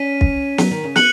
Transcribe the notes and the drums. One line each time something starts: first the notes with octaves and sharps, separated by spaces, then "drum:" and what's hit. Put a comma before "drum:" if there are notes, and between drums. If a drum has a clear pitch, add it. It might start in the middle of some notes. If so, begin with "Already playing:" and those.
Already playing: C#4 B6 D#7
drum: kick
F#3, drum: snare
D#3
C#3
F#6 C#7 F#7, drum: snare